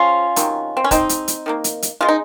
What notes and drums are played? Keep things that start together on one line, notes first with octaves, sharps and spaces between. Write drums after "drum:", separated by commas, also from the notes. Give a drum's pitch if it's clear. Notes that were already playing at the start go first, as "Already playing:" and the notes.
Already playing: F3 G#3 C#4 F4
C3 D#3 F#3, drum: hi-hat
C4
C#4
C#3 G#3 C4 D#4, drum: kick, hi-hat
drum: hi-hat
drum: hi-hat
D#3 F#3 A#3
drum: hi-hat
drum: hi-hat
C#3 G#3 F4
D#4